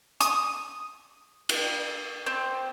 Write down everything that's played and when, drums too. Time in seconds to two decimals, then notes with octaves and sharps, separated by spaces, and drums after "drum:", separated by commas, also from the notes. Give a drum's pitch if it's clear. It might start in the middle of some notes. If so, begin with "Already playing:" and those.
0.21 D#6, drum: hi-hat
1.49 drum: cymbal
2.26 C4